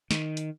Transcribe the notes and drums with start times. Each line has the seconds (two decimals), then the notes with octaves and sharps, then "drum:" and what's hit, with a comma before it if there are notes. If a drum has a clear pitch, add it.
0.11 D#3, drum: snare
0.37 drum: hi-hat